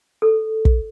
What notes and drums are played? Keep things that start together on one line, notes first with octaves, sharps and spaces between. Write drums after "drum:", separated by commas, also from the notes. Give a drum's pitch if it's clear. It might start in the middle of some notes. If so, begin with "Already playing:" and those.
A4
drum: kick